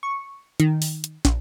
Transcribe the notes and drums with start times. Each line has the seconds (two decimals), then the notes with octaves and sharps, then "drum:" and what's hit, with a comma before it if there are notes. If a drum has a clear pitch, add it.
0.03 C#6
0.60 D#3, drum: hi-hat
0.82 drum: open hi-hat
1.04 drum: hi-hat
1.25 A#1, drum: snare